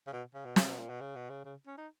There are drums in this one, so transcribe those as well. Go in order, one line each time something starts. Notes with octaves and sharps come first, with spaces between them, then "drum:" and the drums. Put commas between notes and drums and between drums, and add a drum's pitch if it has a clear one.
C#3
B2
C#3
B2
C#3, drum: snare
B2
A#2
B2
C#3
B2
C#3
C#3
C#4
D#4